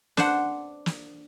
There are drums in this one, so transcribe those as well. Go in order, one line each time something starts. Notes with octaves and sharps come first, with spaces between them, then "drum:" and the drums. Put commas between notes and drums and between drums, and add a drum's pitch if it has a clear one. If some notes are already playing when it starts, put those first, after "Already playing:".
D4 C5 F#5, drum: snare
drum: snare